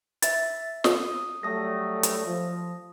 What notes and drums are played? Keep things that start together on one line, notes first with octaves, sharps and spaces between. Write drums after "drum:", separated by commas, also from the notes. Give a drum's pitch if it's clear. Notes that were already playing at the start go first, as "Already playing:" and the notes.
E5 A6, drum: hi-hat
D#6, drum: snare
F#3 G3 A3 D#6 A#6
drum: hi-hat
F3